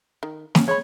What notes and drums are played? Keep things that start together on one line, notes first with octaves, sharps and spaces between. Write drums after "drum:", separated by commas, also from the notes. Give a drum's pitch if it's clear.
D#3
C#4, drum: snare
G#3 C#5 B5